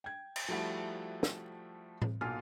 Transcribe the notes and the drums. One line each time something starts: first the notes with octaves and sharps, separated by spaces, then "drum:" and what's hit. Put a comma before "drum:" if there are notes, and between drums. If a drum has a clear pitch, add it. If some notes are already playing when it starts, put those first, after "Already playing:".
G5 G#6
drum: cymbal
F3 G3 A3 E4 F#4
drum: snare
drum: tom A2
B1 A#2 F4 G#5 F6